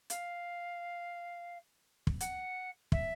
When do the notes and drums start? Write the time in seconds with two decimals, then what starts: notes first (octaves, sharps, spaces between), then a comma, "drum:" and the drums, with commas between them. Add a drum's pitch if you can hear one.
0.10 F5, drum: hi-hat
2.07 drum: kick
2.20 F#5, drum: hi-hat
2.92 E5, drum: kick